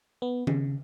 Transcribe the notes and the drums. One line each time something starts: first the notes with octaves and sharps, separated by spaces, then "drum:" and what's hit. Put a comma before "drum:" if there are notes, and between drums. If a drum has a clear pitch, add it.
B3
C#3, drum: tom D#3